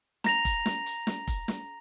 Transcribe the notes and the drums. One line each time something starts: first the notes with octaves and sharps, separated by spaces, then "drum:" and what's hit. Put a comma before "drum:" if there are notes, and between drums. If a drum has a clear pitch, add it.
A#5 A#6 F7, drum: snare
drum: kick F1, hi-hat
drum: snare
drum: hi-hat
drum: snare
drum: kick F1, hi-hat
drum: snare